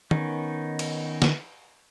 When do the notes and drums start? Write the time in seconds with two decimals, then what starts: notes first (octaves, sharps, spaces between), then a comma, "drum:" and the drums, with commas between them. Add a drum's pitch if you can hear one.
0.11 D#3 B3 C#4 D#4, drum: tom
0.79 drum: cymbal
1.22 drum: snare